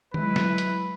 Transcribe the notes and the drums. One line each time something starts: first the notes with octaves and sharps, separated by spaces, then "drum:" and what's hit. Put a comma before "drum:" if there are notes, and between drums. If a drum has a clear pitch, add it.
F#3 G#3 E4 B4, drum: tom D#3
drum: snare
drum: hi-hat